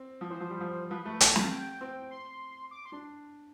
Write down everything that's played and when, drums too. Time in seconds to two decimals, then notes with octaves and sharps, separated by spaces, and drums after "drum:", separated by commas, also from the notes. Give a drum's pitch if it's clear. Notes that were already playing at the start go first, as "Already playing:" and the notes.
Already playing: C4
0.21 F3
0.30 E3 C5
0.40 F3
0.50 G3
0.61 F3
0.90 F3 B4
1.05 A3 B4
1.21 B3 A4, drum: hi-hat
1.36 F5, drum: snare
1.51 G5
1.81 C4
2.11 C6
2.71 D6
2.85 C6
2.92 D4